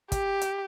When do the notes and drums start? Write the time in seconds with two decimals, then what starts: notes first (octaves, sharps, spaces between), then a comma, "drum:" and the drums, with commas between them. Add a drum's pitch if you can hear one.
0.12 G4, drum: kick, hi-hat
0.41 drum: hi-hat